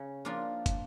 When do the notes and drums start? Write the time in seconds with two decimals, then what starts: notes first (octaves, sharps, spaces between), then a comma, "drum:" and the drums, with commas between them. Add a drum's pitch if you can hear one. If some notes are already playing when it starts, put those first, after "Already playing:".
Already playing: C#3
0.25 F3 A#3 D4 F4
0.66 drum: kick, hi-hat